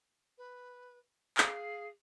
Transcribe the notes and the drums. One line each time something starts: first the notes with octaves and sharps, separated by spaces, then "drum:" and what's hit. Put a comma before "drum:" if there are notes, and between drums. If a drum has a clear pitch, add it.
B4
G#4 F5, drum: clap